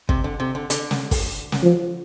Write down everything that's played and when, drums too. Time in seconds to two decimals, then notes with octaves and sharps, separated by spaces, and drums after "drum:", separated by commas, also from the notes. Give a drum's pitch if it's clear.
0.09 C3, drum: kick
0.24 D3
0.40 C3
0.55 D3
0.70 D3, drum: hi-hat
0.91 drum: snare
1.11 drum: kick, open hi-hat
1.52 drum: snare
1.62 F3